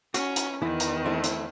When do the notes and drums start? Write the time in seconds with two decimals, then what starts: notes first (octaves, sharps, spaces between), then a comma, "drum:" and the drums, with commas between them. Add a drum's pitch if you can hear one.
0.14 C#4 F#4, drum: hi-hat
0.36 drum: hi-hat
0.62 E2 D#3 E3 B3 E4
0.80 drum: hi-hat
1.06 A3 C4 E4
1.24 drum: hi-hat